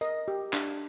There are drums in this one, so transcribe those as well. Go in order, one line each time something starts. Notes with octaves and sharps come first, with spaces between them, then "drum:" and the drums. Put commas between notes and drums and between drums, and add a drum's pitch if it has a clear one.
A#4 D#5, drum: hi-hat
G4
D4, drum: clap